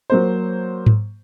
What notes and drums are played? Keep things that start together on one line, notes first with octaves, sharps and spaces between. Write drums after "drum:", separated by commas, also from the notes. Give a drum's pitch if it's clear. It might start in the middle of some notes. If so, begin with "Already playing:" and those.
F#3 A#3 C5
drum: tom G#2